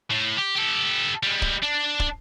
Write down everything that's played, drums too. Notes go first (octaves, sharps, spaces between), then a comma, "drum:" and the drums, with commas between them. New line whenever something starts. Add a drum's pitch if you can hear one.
A2
G4
G4 A4
G3 G#3
drum: kick
D4
drum: kick